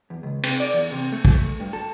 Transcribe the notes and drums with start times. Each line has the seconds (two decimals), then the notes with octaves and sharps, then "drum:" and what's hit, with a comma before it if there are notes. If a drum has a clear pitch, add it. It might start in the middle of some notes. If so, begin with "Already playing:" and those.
0.10 E2
0.23 C#2
0.43 C3, drum: cymbal
0.60 D5
0.74 E2
0.91 C3
1.12 A3
1.25 drum: kick
1.35 A3
1.60 G2
1.73 A4